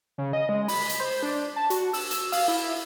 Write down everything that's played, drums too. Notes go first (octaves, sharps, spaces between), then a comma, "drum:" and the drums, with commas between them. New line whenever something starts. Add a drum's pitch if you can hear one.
C#3
D#5
G#3
B5, drum: open hi-hat
drum: hi-hat
C5
D4
A5
F#4, drum: hi-hat
E6, drum: open hi-hat
E6, drum: hi-hat
F5, drum: open hi-hat
E4